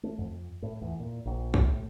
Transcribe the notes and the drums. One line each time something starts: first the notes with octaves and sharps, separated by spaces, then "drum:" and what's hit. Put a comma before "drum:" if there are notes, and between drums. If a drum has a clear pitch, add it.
A3
F2
A2
E2
A#2
A#1
A2, drum: kick B1